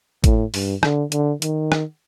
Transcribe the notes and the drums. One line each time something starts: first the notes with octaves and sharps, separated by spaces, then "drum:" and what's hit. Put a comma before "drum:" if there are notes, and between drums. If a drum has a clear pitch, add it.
A2, drum: kick, hi-hat
G2, drum: open hi-hat
D3, drum: rim click
D3, drum: hi-hat
D#3, drum: hi-hat
drum: rim click